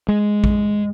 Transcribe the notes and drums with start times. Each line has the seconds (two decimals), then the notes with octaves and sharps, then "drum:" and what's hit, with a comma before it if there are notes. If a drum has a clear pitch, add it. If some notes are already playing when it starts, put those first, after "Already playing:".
0.08 G#3
0.44 drum: kick A#1